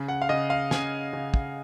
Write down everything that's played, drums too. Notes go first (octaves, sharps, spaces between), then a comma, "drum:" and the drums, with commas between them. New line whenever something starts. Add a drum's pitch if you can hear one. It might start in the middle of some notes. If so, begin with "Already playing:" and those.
Already playing: C#3
F#5
F5
C#3 D#5
F5
C#3 G#5, drum: snare
C#3
drum: kick